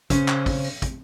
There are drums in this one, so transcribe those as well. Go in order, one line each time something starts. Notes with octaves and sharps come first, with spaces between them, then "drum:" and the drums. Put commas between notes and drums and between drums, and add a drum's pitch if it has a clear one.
C#3 C#4 C5, drum: kick, hi-hat
drum: clap
drum: kick, open hi-hat
drum: open hi-hat
drum: kick, hi-hat